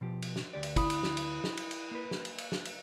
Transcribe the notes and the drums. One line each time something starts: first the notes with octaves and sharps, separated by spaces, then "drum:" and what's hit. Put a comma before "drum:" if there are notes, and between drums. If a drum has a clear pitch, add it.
B2 F3 G4
drum: cymbal
drum: snare
D2 G4 D5
drum: cymbal
E4 B5 D#6, drum: kick, cymbal
drum: cymbal
drum: snare
drum: cymbal
drum: snare
drum: cymbal
drum: cymbal
A#3 B4
drum: snare
drum: cymbal
drum: cymbal
drum: snare
drum: cymbal